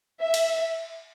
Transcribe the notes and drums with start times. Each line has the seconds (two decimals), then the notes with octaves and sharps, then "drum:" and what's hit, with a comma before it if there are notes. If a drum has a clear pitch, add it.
0.21 E5
0.34 drum: cymbal